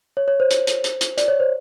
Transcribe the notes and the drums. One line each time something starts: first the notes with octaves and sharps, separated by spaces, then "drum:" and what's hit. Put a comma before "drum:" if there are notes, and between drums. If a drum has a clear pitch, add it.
C#5
C#5
C5
drum: hi-hat
drum: hi-hat
drum: hi-hat
drum: hi-hat
D5, drum: hi-hat
C#5
C5